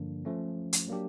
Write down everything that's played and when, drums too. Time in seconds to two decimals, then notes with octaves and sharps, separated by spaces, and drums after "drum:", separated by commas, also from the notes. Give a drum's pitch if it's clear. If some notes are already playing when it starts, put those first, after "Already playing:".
Already playing: G2 D3 F3 A#3 D4
0.25 F3 A3 C#4
0.73 drum: hi-hat
0.88 F#3 A#3 D4 G4